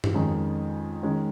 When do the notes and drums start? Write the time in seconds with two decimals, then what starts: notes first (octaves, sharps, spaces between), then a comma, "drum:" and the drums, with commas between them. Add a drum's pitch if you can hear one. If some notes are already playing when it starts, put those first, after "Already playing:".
0.04 drum: tom G2
0.14 F2 D#3 G#3 C#4
1.03 D#3 G#3 C#4